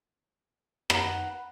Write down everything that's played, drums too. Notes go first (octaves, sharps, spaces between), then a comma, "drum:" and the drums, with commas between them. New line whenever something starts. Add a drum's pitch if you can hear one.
B4 F#5 A#5, drum: rim click